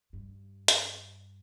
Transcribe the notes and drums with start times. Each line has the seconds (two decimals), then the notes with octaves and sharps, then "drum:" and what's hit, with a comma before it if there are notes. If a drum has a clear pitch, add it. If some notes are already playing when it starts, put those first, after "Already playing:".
0.13 G2
0.68 drum: hi-hat